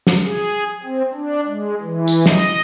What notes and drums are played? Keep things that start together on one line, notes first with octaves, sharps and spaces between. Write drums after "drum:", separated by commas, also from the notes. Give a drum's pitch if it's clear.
drum: snare
G#4
C4
D4
G#3
E3
drum: tambourine
D#5, drum: snare